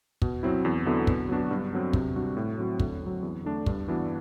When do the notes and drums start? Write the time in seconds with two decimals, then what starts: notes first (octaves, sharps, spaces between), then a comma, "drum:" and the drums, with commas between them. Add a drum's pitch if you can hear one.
0.22 B2, drum: kick
0.43 F#3 C4 E4
0.65 E2
0.86 D3 F#3 B3 E4
1.07 B2, drum: kick
1.29 F#3 B3 D4 F#4
1.51 G2
1.73 D3 F#3 C4
1.93 C3, drum: kick
2.16 G3 D4 F#4
2.37 A2
2.58 F#3 C4 F#4
2.80 D3, drum: kick
3.02 F#3 C4
3.23 E2
3.45 D3 A3 D4
3.66 G2, drum: kick
3.88 E3 B3 D4 F#4